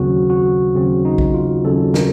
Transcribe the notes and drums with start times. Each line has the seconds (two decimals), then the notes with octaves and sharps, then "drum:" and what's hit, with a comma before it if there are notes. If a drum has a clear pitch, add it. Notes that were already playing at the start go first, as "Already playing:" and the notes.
Already playing: D#2 C#3 F#3 C4 F#4
0.30 F#4
0.75 D#2 C#3 F#3 C4
1.05 D#4
1.18 drum: kick A1
1.34 F4
1.65 D#2 C#3 F#3 C4 A4
1.94 A#4, drum: snare